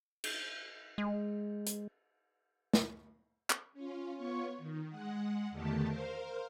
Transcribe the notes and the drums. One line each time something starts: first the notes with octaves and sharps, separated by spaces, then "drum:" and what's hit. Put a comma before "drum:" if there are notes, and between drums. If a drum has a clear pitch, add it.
drum: cymbal
G#3
drum: hi-hat
drum: snare
drum: clap
C#4 F4
B3 F4 C#5 C#6
D#3
G#3 F#5
E2 D3 D#3 A3 G4 A5
A#4 C5 F5